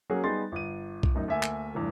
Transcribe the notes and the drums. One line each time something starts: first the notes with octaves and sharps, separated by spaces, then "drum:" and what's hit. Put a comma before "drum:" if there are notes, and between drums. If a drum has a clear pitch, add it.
F#3 A#3 C#4 F#4 G#4
G3 B3 D#4 G#4 C6 A6
G1 D#7
drum: kick B1
D1 F#2 D#4
D2 A#3 E5 G#5
drum: clap
F1 E2 G2